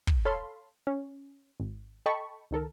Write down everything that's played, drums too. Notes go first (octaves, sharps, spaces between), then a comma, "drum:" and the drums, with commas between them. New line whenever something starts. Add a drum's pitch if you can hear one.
drum: kick
A4 C#5 F5 A5 B5 C6
C#4
G#1
A4 D#5 G5 A5 B5 C#6
C#2 D#3 A4 A#4